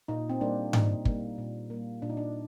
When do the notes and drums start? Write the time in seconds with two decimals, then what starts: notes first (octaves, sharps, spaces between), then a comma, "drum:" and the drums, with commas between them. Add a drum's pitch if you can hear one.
0.08 A#2 D#4
0.30 C4
0.41 G3 A#3 D4
0.73 A#2 D#4, drum: tom G#2
1.05 G3 A#3, drum: kick
1.38 A#2
1.70 G3 A#3
2.02 A#2 D4
2.10 D#4
2.17 D4